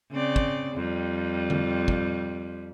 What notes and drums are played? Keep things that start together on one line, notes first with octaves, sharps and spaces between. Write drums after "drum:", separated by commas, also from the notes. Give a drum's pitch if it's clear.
C#3 C4 D5
drum: kick
F2 G3
drum: tom D3
drum: kick